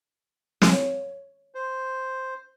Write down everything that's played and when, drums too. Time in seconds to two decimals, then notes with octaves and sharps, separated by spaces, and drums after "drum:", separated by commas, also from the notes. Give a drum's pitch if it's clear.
0.62 C#5, drum: snare
1.55 C5